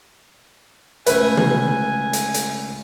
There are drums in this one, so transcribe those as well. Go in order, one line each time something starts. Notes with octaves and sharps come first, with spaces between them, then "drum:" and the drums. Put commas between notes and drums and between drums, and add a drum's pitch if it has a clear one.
C#2 A3 B4 G#5, drum: hi-hat
drum: tom
drum: hi-hat
drum: hi-hat